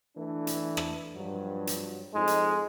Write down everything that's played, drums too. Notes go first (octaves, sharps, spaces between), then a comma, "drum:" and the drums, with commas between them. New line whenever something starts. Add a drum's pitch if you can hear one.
E3 A3 D4
drum: hi-hat
drum: rim click
G2 F3 F#3
drum: hi-hat
F2 G#3 D#4
drum: hi-hat